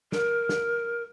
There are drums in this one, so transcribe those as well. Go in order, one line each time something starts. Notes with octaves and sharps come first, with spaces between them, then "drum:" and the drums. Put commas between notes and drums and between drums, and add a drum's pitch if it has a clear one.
A#4, drum: snare
drum: snare